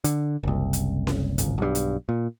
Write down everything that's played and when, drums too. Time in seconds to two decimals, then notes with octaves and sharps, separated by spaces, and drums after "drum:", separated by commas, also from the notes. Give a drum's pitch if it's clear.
0.04 D3, drum: hi-hat
0.43 F#1 C2
0.73 drum: hi-hat
1.07 drum: snare C#4
1.38 D1 G#1 C#2, drum: hi-hat
1.58 B1 G2
1.75 drum: hi-hat
2.09 A#2